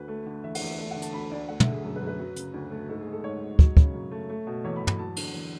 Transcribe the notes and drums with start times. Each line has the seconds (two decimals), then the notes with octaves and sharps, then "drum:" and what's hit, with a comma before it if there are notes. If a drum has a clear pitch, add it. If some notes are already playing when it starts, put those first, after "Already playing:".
Already playing: D2 B4
0.08 A3
0.26 D3
0.44 E2 E5
0.55 F#5, drum: cymbal
0.61 E2
0.67 E5
0.78 A3 E5
0.91 F#5
0.96 D3
1.02 A5, drum: hi-hat
1.13 D2 B5
1.31 D2 D5
1.48 A3 F#5
1.60 E5, drum: tom
1.67 D3 G#4
1.83 F#2 A4
1.96 B4
2.01 F#2
2.07 B4
2.19 F#3
2.36 C#3, drum: hi-hat
2.54 D2
2.71 A3
2.89 G#2 A4
3.01 G#4
3.07 G#3
3.12 A4
3.24 G#2 C#5
3.42 G#3
3.59 F#3, drum: kick
3.77 C#3, drum: kick
3.94 F#2
4.11 A3
4.30 A3
4.47 B2
4.64 E2 C#5
4.76 B5
4.82 E2
4.87 B5, drum: tom
4.99 F#3 A5
5.16 D3, drum: cymbal
5.34 E2